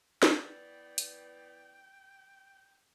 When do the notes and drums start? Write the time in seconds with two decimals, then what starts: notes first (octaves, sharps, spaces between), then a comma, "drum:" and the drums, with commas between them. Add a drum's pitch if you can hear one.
0.23 E3 B3 D5 G5, drum: snare
0.98 drum: hi-hat